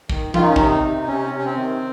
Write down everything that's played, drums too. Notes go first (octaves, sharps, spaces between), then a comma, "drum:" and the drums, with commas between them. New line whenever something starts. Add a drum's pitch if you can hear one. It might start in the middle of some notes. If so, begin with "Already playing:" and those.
D#3, drum: kick
D#3 F4, drum: tom E3
D#4
C#4
C3 D#4, drum: kick
C3
D#4
C3 C#4
C3 C#4
C4
D#3